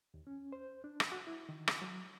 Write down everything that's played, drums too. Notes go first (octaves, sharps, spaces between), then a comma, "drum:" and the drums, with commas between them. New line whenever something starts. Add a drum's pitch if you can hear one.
D#2
C#4
C5
D4
drum: rim click
F#4
E4
D#3
D6, drum: rim click
F#3